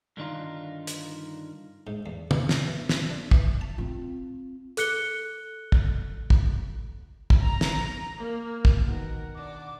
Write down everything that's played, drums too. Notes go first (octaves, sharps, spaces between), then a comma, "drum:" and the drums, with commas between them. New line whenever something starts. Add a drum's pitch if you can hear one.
G2 D3 D#3 D4 D#4 F4
drum: hi-hat
G#2
E2
D#2, drum: tom
C#5, drum: snare
E3
E5, drum: snare
D4
E3, drum: kick
A5
C4 F4
A4 F#6 C#7 G7, drum: hi-hat
drum: kick
drum: kick
drum: kick
A#5
drum: snare
A#3
drum: kick
B2 D#3 A#4 F#5
D4 D6